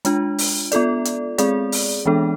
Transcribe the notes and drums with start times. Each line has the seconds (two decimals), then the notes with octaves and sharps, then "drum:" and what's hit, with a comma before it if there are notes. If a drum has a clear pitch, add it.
0.05 G#3 D4 F4, drum: hi-hat
0.38 drum: open hi-hat
0.72 B3 F4 A4 D5, drum: hi-hat
1.05 drum: hi-hat
1.38 G#3 C4 G#4 D5, drum: hi-hat
1.72 drum: open hi-hat
2.06 E3 G#3 B3 D4 A4